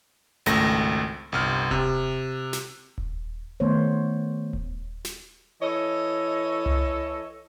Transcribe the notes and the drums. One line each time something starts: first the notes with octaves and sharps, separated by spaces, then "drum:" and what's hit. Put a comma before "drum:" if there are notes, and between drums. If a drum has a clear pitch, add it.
G#1 C#2 A3 A#6, drum: hi-hat
G1 C2 F6
C3, drum: kick D#1
drum: snare
drum: kick D#1
D#3 A3 B3 C5 C#5
drum: kick D#1
drum: snare
E3 A4 C#5 D#5
drum: tom C2